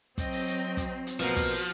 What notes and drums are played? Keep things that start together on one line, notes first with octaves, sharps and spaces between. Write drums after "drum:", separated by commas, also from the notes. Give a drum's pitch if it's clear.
F#3 C4 D#5 G5, drum: kick, hi-hat
drum: open hi-hat
drum: hi-hat
drum: kick, hi-hat
drum: hi-hat
B2 F3 A#3 B3 F#4 C5, drum: hi-hat
drum: kick, hi-hat
drum: open hi-hat